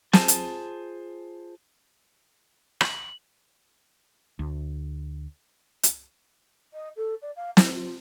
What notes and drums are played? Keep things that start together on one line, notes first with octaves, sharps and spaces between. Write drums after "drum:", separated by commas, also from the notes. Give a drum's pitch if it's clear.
F4 G#4 C5 G#5 A5, drum: snare
drum: hi-hat
F#7, drum: rim click
D2
drum: hi-hat
D#5
A4
D5
F5
E4, drum: snare
F4